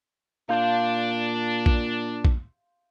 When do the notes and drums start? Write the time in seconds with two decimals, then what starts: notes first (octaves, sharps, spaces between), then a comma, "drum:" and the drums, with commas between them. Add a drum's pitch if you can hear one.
0.49 A#2 D4 F5 C6 G6
1.66 drum: kick A#1
2.25 drum: kick A#1